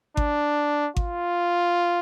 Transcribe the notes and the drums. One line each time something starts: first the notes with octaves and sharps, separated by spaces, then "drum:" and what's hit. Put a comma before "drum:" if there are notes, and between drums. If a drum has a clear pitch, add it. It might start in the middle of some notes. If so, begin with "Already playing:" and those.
D4, drum: kick G#1
F4, drum: kick G#1